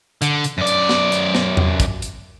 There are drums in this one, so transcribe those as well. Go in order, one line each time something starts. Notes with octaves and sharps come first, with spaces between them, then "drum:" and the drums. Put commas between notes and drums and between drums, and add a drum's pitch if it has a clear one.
D3, drum: hi-hat
drum: hi-hat
F#2 D5
drum: hi-hat
drum: snare
drum: hi-hat
drum: snare
drum: tom E2
drum: kick, hi-hat
drum: hi-hat